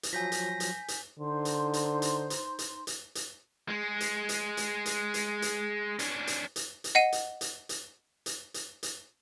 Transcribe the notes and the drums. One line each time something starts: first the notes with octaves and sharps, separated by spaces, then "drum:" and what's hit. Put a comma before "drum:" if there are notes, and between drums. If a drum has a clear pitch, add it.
drum: hi-hat
F3 F#3 G#5 G6 A#6 B6
drum: hi-hat
drum: hi-hat
drum: hi-hat
D3 D#4 C5 C6
drum: hi-hat
drum: hi-hat
drum: hi-hat
drum: hi-hat
drum: hi-hat
drum: hi-hat
drum: hi-hat
G#3
drum: hi-hat
drum: hi-hat
drum: hi-hat
drum: hi-hat
drum: hi-hat
drum: hi-hat
C#4 D4, drum: hi-hat
drum: hi-hat
drum: hi-hat
drum: hi-hat
D#5 F#5 C7 D#7
drum: hi-hat
drum: hi-hat
drum: hi-hat
drum: hi-hat
drum: hi-hat
drum: hi-hat